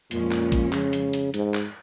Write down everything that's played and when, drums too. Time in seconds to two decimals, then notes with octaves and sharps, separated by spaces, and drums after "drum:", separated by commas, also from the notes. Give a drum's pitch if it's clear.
0.11 F2 A#2 F3 G#3 C#4, drum: hi-hat
0.32 drum: clap
0.52 drum: kick A#1, hi-hat
0.73 C#3, drum: clap
0.93 drum: hi-hat
1.13 drum: hi-hat
1.34 G#2, drum: hi-hat
1.54 drum: clap